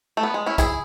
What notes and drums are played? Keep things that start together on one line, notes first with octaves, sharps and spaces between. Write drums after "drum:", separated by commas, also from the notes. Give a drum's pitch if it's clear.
A3
B3
G#3
C#4 E4
E4 G#4, drum: kick, hi-hat